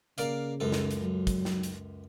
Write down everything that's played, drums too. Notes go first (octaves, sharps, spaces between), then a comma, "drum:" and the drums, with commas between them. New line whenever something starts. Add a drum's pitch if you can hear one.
C#3 A#3 D5 F5, drum: hi-hat
C#2 F#2 A4
drum: snare
drum: hi-hat
F#3
drum: kick, hi-hat
drum: snare
drum: hi-hat